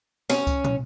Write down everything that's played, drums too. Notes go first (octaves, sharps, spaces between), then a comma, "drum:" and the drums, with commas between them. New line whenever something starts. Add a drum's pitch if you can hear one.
C#4, drum: snare
drum: kick C#2, tambourine
drum: tom